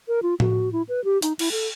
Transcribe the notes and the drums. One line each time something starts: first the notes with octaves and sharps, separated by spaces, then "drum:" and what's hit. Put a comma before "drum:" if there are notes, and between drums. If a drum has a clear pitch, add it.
A#4
F4
F#4, drum: tom A2
E4
B4
G4
D#4, drum: hi-hat
E4, drum: cymbal
A4